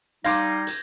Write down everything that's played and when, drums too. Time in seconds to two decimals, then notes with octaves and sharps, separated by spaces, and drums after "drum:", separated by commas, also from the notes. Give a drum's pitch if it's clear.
0.24 G3 D#4 F5 C6 D6 G6 G#6 A#6, drum: hi-hat
0.67 drum: hi-hat